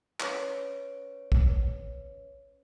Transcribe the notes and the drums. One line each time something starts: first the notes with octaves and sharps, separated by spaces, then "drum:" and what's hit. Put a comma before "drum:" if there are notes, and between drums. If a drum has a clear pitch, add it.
C#4 B4 C#5 D7, drum: clap
drum: kick